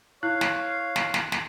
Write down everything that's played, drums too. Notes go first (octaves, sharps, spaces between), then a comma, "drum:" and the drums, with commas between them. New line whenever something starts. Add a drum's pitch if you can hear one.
E4 C#5 F5 F#6
drum: snare
drum: snare
drum: snare
drum: snare